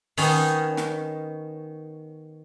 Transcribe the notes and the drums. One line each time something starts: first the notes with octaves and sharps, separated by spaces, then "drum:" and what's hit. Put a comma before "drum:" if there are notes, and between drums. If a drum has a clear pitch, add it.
D#3 B3 C#4 D#4, drum: open hi-hat
drum: snare